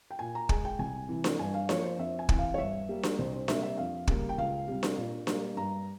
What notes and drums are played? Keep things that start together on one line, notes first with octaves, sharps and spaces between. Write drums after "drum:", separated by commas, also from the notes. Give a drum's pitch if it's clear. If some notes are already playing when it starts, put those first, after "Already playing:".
G5
A#2 G#5
A#5
G#3 G#5, drum: kick
G5
C2 G#5
C3 E3
drum: snare D4
G2 G#5
F5
F3 A#3 C#5, drum: snare D4
C5
F2 E5
G#5
C3 E3, drum: kick
F5
C#5
G2 E5
G3 A#3
drum: snare D4
C2 C5
C5
C3 G3 A#3 E5, drum: snare D4
E5
F2 F5
C#3 G3 A#3, drum: kick
G5
C#2 F5
C3 G3
drum: snare D4
A#2
G3 A#3, drum: snare D4
G2 A#5